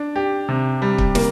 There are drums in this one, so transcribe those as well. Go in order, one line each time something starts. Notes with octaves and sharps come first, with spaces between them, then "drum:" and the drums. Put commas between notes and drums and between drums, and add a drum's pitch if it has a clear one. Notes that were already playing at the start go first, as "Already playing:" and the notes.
Already playing: D4
G4
C3
G3
drum: kick
A#3, drum: snare